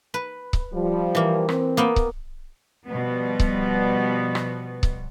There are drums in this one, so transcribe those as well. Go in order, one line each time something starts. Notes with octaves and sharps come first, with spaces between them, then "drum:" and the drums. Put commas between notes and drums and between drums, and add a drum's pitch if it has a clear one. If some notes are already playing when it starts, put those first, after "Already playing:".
B4
drum: kick C#1
F3 G3
E3 A#3
C4, drum: rim click
A#3 B3 G5
drum: kick C#1
B2 F3 G3 B3
drum: kick C#1
drum: rim click
drum: kick C#1